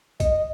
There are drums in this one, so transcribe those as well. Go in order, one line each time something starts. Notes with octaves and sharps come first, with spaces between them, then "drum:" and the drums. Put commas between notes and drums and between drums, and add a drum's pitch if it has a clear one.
D#5, drum: kick A#1, hi-hat